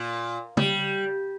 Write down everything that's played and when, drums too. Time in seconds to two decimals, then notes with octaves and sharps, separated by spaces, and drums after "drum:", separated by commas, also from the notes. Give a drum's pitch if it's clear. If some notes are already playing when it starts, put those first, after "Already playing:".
Already playing: A#2
0.57 G3, drum: tom